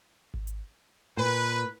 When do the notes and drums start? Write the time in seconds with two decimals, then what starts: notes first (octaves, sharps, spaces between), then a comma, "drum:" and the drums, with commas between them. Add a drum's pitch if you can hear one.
0.34 drum: kick G#1
0.47 drum: hi-hat
1.17 A#2 B4